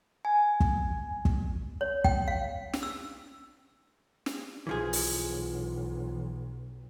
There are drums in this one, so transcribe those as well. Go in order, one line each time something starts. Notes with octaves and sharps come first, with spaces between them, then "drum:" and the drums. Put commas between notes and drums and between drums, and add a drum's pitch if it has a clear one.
G#5
drum: kick
drum: kick
C#5
G5, drum: kick
F5
drum: snare
E6
drum: snare
B1 E3 F3 G#4
drum: open hi-hat